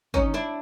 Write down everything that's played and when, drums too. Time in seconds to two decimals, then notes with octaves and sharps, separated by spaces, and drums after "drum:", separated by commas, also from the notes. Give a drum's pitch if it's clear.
0.14 C#4 D#4, drum: kick
0.34 D4 E4